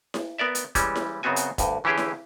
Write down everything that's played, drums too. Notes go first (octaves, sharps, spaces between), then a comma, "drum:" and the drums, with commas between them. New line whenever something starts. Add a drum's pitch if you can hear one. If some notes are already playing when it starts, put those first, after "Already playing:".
drum: snare E4
B3 A#4 D5 E5
drum: hi-hat
E3 G3 G#3 C#4, drum: kick, hi-hat
drum: snare E4
F#2 C#3 B3 C4 F#4 G#5
drum: hi-hat
D2 G2, drum: kick, hi-hat
D3 E3 C#4 E4 G4 G#4
drum: snare E4